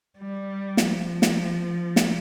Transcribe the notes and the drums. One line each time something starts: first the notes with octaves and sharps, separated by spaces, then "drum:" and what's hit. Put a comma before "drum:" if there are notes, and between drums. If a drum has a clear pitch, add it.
G3
F3, drum: snare
drum: snare
drum: snare